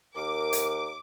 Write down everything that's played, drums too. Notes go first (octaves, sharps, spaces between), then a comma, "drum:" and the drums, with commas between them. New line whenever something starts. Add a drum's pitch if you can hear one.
D#2 A#4 D6
drum: hi-hat